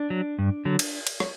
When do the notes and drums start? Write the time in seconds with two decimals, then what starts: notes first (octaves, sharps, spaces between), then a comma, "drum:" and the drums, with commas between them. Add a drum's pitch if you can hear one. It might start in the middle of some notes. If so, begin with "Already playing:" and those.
Already playing: D4
0.10 F#3
0.39 G2
0.65 D3 F#3
0.79 drum: cymbal
1.07 drum: cymbal
1.20 drum: rim click